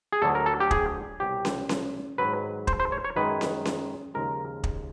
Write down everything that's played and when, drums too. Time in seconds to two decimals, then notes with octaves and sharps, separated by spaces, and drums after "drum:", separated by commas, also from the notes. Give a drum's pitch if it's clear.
0.12 G#4
0.22 D2 D3 F#3 A4
0.35 A#4
0.46 A4
0.60 G4
0.71 G#4, drum: kick
1.20 C2 B2 F#3 G4
1.45 drum: snare C#4
1.69 drum: snare C#4
2.18 G#2 D#3 F#3 B4
2.67 C5, drum: kick
2.80 C5
2.92 C#5
3.04 C#5
3.16 F#2 D#3 G#3 B4
3.41 drum: snare C#4
3.65 drum: snare C#4
4.14 D#2 C#3 F3 G#3 A#4
4.64 drum: kick